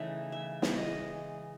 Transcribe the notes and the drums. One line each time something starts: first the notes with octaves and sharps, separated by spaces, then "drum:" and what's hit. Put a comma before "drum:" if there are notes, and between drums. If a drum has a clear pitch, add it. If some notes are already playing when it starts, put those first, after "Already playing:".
Already playing: C#3 E3 A3 D#4 E5
E5
drum: snare
E3 G#3 D#5